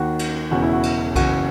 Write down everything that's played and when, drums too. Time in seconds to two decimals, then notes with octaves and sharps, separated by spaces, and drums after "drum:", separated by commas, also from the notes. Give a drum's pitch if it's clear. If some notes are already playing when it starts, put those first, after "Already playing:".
Already playing: D#2 D#3 F#4
0.19 drum: cymbal
0.51 E1 E2 C#3 E3 F#4
0.62 E4
0.73 F#4
0.83 drum: cymbal
1.16 F#1 F#2 E3 F#4, drum: kick B1, cymbal